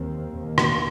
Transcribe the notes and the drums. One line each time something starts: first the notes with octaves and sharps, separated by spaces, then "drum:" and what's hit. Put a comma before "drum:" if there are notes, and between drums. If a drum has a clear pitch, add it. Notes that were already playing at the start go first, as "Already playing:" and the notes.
Already playing: D#2 D#3 C4
D#2 D#3 A#3
drum: rim click